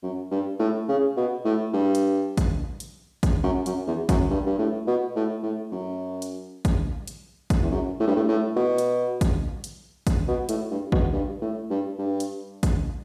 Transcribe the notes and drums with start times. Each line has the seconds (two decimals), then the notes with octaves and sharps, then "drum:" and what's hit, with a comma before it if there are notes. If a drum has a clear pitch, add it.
0.03 F#2
0.31 G2
0.59 A2
0.88 C#3
1.17 B2
1.45 A2
1.74 G2
1.95 drum: hi-hat
2.37 drum: kick A1, hi-hat
2.80 drum: hi-hat
3.23 drum: kick A1, hi-hat
3.44 F#2
3.66 F#2, drum: hi-hat
3.87 E2
4.09 F#2, drum: kick A1, hi-hat
4.30 G2
4.46 G2
4.58 A2
4.87 B2
5.16 A2
5.43 A2
5.72 F#2
6.22 drum: hi-hat
6.65 drum: kick A1, hi-hat
7.08 drum: hi-hat
7.50 drum: kick A1, hi-hat
7.62 E2
7.71 F#2
8.00 A2
8.08 G2
8.16 A2
8.28 A2
8.56 B2
8.78 drum: hi-hat
9.21 drum: kick A1, hi-hat
9.64 drum: hi-hat
10.07 drum: kick A1, hi-hat
10.28 B2
10.49 A2, drum: hi-hat
10.71 G2
10.92 B2, drum: kick A1
11.13 G2
11.42 A2
11.70 G2
11.99 G2
12.20 drum: hi-hat
12.63 drum: kick A1, hi-hat